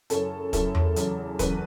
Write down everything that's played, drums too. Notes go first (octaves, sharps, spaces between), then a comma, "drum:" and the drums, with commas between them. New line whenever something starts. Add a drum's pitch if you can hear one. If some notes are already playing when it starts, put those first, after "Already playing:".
F#2 C#3 F#3 C#4 E4 A4, drum: hi-hat
F#2 C#3 F#3 C#4 E4 A4, drum: kick, hi-hat
drum: tom E2
E2 C#3 F#3, drum: hi-hat
E2 C#3 F#3 B4, drum: kick, hi-hat